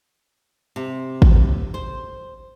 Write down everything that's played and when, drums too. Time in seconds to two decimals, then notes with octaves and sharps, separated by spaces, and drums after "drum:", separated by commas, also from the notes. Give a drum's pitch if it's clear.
0.76 C3
1.22 drum: kick
1.74 C5